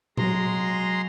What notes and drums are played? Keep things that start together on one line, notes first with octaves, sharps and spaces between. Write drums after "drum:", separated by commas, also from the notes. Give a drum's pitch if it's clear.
F#3 G#3 A#5 C6, drum: tom A#2